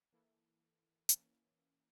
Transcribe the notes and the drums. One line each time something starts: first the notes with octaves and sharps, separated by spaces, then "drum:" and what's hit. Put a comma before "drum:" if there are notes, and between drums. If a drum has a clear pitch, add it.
E3 A#3 E4 A4
E3 A#3 C#4, drum: hi-hat